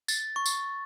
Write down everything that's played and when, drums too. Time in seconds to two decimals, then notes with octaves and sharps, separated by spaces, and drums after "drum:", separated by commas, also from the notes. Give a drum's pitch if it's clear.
0.08 A6, drum: tambourine
0.36 C#6
0.46 drum: tambourine